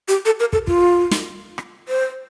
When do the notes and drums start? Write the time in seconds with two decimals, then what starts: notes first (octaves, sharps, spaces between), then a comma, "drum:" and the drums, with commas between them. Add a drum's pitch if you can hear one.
0.08 G4, drum: hi-hat
0.25 A4
0.40 A#4
0.53 A4, drum: kick
0.67 F4, drum: kick
1.11 drum: snare
1.58 drum: rim click
1.88 C5